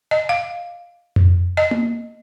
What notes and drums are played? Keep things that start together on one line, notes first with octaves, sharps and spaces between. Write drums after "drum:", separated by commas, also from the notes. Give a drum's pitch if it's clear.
D#5
F5
drum: tom F2
D#5
drum: tom A#3